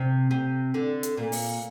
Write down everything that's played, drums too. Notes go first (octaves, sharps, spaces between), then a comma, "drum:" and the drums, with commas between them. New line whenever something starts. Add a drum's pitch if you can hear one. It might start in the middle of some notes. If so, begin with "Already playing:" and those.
Already playing: C3
C3
D3
drum: hi-hat
A#2
drum: open hi-hat